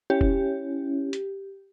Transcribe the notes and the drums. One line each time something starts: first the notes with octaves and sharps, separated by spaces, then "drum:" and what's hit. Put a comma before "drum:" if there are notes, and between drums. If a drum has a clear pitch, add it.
C#4 E4 G4
drum: kick F1
drum: hi-hat